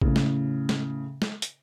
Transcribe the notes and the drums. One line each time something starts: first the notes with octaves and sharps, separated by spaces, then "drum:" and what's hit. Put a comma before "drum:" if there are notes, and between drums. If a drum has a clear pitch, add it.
A2 C#3, drum: kick A#1
drum: snare G#3
drum: snare G#3
drum: snare G#3
drum: hi-hat